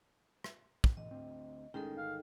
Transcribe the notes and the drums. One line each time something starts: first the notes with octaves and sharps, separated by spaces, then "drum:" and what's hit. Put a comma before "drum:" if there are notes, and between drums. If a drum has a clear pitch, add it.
drum: rim click
drum: kick
D2 B2 E3 D#5
D2 C4
F#1 A2 D#3 G#3 C#4 D#4 A4
G1 F5